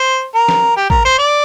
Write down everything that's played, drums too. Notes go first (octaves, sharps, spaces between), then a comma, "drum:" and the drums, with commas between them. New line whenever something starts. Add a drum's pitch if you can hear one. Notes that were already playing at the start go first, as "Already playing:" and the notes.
Already playing: C5
A#4
drum: snare
G4
A#4, drum: kick A1
C5
D5